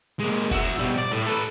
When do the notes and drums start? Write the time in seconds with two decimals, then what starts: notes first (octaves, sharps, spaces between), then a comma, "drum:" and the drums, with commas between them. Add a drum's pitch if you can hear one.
0.20 G#3 A#3
0.51 F#4 E5, drum: kick F1, cymbal
0.79 B2 G3
0.98 D5
1.11 A2
1.27 A4 B4, drum: cymbal